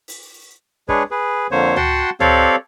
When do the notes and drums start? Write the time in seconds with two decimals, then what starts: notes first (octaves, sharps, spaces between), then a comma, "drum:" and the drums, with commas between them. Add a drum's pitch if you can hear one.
0.08 drum: open hi-hat
0.89 G#3 D4 G#4 B4 C#5, drum: kick
1.11 G#4 B4
1.51 F2 D3 A#3 C5 C#5
1.76 F#4 F#5 G5 A5 C6, drum: tom C#2
2.20 C4 G4 A4 C#5 D5 F5, drum: tom C#2